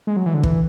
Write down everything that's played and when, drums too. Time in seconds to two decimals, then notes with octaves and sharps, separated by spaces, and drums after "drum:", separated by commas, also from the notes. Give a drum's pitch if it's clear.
0.07 G#3
0.16 F#3
0.26 E3
0.34 D3
0.43 E3, drum: kick